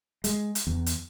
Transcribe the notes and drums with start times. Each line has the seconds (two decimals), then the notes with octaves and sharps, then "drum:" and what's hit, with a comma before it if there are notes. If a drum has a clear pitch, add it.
0.24 G#3, drum: hi-hat
0.55 drum: hi-hat
0.67 E2
0.86 drum: hi-hat